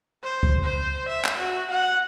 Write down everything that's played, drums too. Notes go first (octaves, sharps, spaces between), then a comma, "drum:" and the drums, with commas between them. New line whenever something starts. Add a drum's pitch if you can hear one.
C5
drum: kick C#2
C5
E5
drum: clap
F#4
F#5